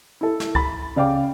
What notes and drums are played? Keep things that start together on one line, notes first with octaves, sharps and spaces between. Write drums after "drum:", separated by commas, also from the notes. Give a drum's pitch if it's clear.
E4 A4
drum: snare
B5 A6, drum: kick C#2
C#3 D5 F5 G5 D6